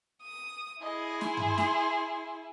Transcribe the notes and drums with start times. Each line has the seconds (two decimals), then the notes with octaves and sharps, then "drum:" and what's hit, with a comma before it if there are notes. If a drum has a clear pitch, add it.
0.23 D#6
0.82 E4 G#4 D#5
1.21 C6, drum: snare
1.37 drum: tom G2
1.58 drum: snare